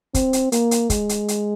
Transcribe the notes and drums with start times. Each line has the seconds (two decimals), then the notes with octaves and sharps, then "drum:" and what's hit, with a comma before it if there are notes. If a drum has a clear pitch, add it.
0.15 C4, drum: kick, hi-hat
0.33 drum: hi-hat
0.52 A#3, drum: hi-hat
0.71 drum: hi-hat
0.90 G#3, drum: kick, hi-hat
1.09 drum: hi-hat
1.28 drum: hi-hat